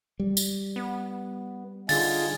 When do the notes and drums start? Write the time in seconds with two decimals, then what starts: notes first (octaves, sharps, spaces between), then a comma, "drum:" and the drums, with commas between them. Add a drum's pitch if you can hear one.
0.20 G3
0.37 drum: tambourine
0.76 B3
1.89 D3 D#4 F4 G#4 A6, drum: open hi-hat